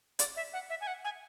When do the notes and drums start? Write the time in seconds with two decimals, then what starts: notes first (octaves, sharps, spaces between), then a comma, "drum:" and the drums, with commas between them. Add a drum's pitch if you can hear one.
0.19 D5, drum: hi-hat
0.36 E5
0.53 F#5
0.70 E5
0.81 G#5
0.87 F#5
1.05 G#5